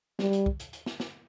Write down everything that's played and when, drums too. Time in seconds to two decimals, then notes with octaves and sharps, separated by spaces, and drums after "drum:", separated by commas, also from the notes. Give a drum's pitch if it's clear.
0.19 G3, drum: snare
0.33 drum: hi-hat
0.46 drum: kick
0.60 drum: hi-hat
0.73 drum: hi-hat
0.86 drum: snare
1.00 drum: snare